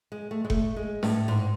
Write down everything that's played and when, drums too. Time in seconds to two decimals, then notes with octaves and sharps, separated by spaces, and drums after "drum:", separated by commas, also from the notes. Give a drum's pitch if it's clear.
0.12 G#3
0.31 A3
0.45 G#3
0.50 A3, drum: kick F#1
0.76 G#3
1.03 A2, drum: snare
1.28 G#2